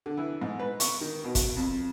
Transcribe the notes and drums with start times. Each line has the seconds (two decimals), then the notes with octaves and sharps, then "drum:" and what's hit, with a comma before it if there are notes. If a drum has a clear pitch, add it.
0.06 D3
0.17 E3
0.41 G#2
0.59 B4
0.80 C#6, drum: hi-hat
1.01 D#3
1.24 B2
1.35 drum: kick, hi-hat
1.57 F2